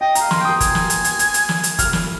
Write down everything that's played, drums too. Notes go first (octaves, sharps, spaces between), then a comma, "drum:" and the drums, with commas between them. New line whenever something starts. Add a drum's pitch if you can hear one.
D#5 G5
A#5, drum: hi-hat
F5
C6, drum: snare
G5 D#6
G#5, drum: kick F#1, hi-hat
drum: snare
drum: hi-hat
drum: hi-hat
drum: hi-hat
drum: hi-hat
drum: snare
drum: hi-hat
F6, drum: kick F#1, hi-hat
drum: snare